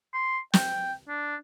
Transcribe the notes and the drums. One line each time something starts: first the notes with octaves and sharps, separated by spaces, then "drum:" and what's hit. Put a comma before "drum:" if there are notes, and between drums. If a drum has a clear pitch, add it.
C6
G5, drum: snare
D4